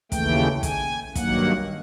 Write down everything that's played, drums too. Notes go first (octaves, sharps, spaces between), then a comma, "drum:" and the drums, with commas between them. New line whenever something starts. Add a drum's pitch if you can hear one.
D#2 C#3 E3 A3 G5, drum: kick, hi-hat
G#5, drum: kick, hi-hat
G2 D#3 F#3 A#3 F#5, drum: kick, hi-hat